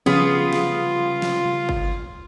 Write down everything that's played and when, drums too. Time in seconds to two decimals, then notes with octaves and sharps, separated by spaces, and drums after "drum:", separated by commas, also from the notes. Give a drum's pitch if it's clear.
0.06 C#3 F3 G3 B3 C#4 F4 G#4
0.53 drum: snare
1.22 drum: snare
1.69 drum: kick G1